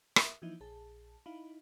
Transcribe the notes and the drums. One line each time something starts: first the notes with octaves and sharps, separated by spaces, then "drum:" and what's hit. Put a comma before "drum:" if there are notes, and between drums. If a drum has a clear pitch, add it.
A#4 E5, drum: rim click
E3 F3 A#3 D#4 E4
A#1 G#4 A5
D#4 E4 F5 B5